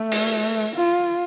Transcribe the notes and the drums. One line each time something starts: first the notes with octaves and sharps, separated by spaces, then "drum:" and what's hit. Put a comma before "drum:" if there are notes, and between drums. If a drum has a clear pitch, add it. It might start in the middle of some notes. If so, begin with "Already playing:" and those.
Already playing: A3
drum: open hi-hat
F4